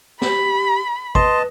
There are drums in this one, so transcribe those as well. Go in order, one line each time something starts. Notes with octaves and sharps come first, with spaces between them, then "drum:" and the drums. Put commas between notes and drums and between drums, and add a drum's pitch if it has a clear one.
G4 B5, drum: snare
B4 D#5 A5 C6, drum: kick